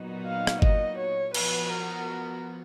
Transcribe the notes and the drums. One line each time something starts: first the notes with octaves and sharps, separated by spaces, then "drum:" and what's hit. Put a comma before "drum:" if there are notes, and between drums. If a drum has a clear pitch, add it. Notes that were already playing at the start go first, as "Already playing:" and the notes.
Already playing: A#2 F#3 B3 D#4 F#4
F5
drum: rim click
D#5, drum: kick G1
C#5
F3 B3 F#4 B4, drum: cymbal
A#4